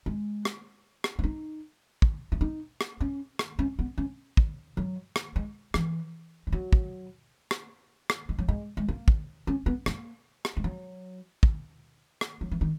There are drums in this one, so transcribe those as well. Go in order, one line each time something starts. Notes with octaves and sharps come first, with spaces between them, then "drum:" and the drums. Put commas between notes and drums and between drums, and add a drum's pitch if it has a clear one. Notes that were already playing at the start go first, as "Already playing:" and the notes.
G#3
drum: rim click
drum: rim click
E4
D#4
drum: kick
E4
D#4
drum: rim click
C#4
drum: rim click
C#4
B3
C#4
drum: kick
F#3
drum: rim click
G#3
E3, drum: rim click
G#3
F#3
drum: kick
drum: rim click
drum: rim click
G#3
F#3
G#3
G#3
A#3
drum: kick
C#4
B3
A#3, drum: rim click
drum: rim click
G#3
F#3
drum: kick
drum: rim click
F#3
E3
D#3